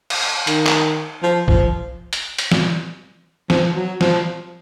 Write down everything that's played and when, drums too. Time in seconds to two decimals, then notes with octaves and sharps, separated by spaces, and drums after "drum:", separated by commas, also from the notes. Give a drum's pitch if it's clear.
0.10 drum: cymbal
0.47 D#3, drum: hi-hat
0.67 drum: clap
1.23 F3
1.48 F3, drum: kick B1
2.13 drum: hi-hat
2.38 drum: hi-hat
2.52 drum: snare
3.50 F3, drum: snare
3.75 F#3
4.01 F3, drum: snare